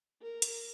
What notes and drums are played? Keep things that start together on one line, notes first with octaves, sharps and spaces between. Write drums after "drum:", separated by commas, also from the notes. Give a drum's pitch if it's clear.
A#4
drum: hi-hat